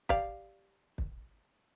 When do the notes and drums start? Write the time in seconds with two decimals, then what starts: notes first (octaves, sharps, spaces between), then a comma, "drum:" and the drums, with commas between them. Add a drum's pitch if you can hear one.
0.09 G4 D5 F5, drum: kick
0.98 drum: kick